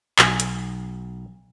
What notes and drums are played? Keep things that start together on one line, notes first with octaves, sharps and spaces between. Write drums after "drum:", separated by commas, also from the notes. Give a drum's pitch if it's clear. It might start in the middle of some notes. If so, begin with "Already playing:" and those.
B1 G#5, drum: clap
drum: hi-hat